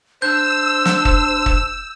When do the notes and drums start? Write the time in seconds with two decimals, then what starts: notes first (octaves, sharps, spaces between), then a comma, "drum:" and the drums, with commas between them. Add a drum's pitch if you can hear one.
0.22 D4 C5 E6 G6
0.85 drum: snare
1.05 drum: kick
1.46 drum: kick